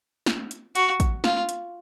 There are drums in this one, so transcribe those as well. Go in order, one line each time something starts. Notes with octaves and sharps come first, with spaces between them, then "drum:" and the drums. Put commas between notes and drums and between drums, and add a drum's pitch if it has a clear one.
drum: snare
drum: hi-hat
F#4, drum: hi-hat
drum: kick, hi-hat
F4, drum: snare
drum: hi-hat